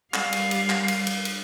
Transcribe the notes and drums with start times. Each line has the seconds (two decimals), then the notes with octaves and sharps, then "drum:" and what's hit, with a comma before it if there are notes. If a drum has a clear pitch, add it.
0.14 G3 F5, drum: clap
0.32 drum: cymbal
0.51 drum: cymbal
0.70 drum: clap
0.88 drum: cymbal
1.07 drum: cymbal
1.25 drum: cymbal